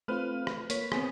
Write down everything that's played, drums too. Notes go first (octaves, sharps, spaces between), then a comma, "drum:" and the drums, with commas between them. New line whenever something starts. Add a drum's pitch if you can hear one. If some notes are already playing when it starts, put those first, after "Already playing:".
A3 C4 F4 B4 F6
drum: rim click
A#3 C#5 B6, drum: hi-hat
B3 C4 G#4, drum: rim click